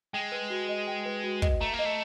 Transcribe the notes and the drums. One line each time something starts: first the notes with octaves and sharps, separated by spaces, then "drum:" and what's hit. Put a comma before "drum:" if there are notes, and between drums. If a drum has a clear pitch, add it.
G#3 G5
B4
F#4
D#5
G5
B4
F#4
D#5, drum: kick
A3 A#5
A#3
D#5
A3